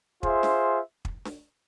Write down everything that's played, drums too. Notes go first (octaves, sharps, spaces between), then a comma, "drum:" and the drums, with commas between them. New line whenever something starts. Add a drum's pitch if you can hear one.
F4 G#4 C5 E5, drum: kick
drum: snare D4
drum: kick
drum: snare D4